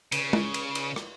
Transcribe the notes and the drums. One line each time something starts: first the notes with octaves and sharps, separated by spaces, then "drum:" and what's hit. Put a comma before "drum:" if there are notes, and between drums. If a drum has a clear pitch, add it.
C#3, drum: cymbal
drum: tom
drum: cymbal
drum: cymbal
drum: rim click